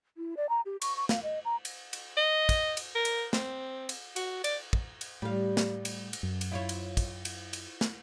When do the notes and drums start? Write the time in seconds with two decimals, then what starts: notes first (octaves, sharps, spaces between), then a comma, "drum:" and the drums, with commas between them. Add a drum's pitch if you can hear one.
0.17 E4
0.37 D5
0.49 A#5
0.65 G4
0.82 C#6, drum: cymbal
0.97 C#6
1.09 F5, drum: snare
1.23 D#5
1.45 A#5
1.65 drum: cymbal
1.93 drum: cymbal
2.17 D#5
2.49 drum: kick, cymbal
2.77 drum: cymbal
2.95 A#4
3.05 drum: cymbal
3.33 C4, drum: snare
3.89 drum: cymbal
4.16 F#4, drum: cymbal
4.44 D5, drum: cymbal
4.73 drum: kick
5.01 drum: cymbal
5.22 A2 G3 F5
5.57 drum: snare
5.85 drum: cymbal
6.13 drum: cymbal
6.23 F#2
6.41 drum: cymbal
6.51 E4 F4 C#5
6.69 drum: cymbal
6.97 drum: kick, cymbal
7.25 drum: cymbal
7.53 drum: cymbal
7.81 drum: snare